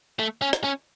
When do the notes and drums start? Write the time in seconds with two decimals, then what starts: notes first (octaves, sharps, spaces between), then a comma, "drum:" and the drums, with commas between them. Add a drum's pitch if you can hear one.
0.19 A3
0.42 C#4
0.53 drum: rim click
0.64 C#4